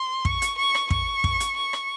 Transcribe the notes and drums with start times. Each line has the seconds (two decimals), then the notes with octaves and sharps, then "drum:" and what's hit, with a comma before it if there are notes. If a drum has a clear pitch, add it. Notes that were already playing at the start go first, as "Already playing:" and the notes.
Already playing: C6
0.25 C#6, drum: kick
0.42 drum: hi-hat
0.58 C#6
0.75 drum: rim click
0.90 C#6, drum: kick
1.24 drum: kick
1.40 drum: hi-hat
1.57 C#6
1.73 drum: rim click